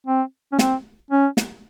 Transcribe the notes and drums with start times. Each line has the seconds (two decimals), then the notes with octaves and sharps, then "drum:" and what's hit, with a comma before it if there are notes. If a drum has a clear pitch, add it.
0.07 C4
0.52 C#4
0.59 C4, drum: snare
1.11 C#4
1.37 drum: snare